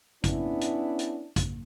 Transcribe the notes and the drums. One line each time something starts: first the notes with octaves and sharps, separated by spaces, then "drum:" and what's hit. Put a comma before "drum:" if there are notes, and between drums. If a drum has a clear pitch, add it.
B3 C#4 D4 E4, drum: kick, hi-hat
drum: hi-hat
drum: hi-hat
drum: kick, hi-hat